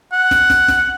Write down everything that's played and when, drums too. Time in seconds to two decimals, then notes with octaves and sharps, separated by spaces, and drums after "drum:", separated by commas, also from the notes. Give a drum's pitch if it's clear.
0.13 F#5
0.31 drum: snare
0.50 drum: snare
0.68 drum: snare